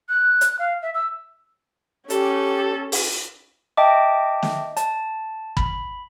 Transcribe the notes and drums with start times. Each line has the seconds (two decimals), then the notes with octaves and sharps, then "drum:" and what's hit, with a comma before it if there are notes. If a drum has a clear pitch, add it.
0.09 F#6
0.41 drum: hi-hat
0.59 F5
0.82 E5
0.94 E6
2.10 C#4 G4 A4, drum: hi-hat
2.92 drum: open hi-hat
3.77 D#5 E5 G5 A5 D6
4.43 drum: snare
4.77 A5, drum: hi-hat
5.57 B5, drum: kick